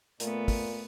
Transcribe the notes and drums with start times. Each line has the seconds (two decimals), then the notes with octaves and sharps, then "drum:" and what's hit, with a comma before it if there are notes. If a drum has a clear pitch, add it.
0.20 A#2 A3 B3, drum: hi-hat
0.48 drum: kick, open hi-hat